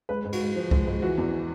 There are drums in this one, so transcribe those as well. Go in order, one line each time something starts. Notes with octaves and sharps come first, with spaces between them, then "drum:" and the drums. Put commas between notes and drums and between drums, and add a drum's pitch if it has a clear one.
G#3 B4
G#2
F#4, drum: cymbal
G#2
F3
G#3, drum: kick C2
G#2
E3 F#4
E2